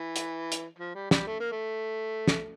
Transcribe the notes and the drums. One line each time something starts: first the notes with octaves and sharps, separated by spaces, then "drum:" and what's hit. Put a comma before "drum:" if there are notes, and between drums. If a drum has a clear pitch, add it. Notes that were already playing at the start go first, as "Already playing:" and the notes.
Already playing: E3
drum: hi-hat
drum: hi-hat
F3
G3
G3, drum: snare
A3
A#3
A3
drum: snare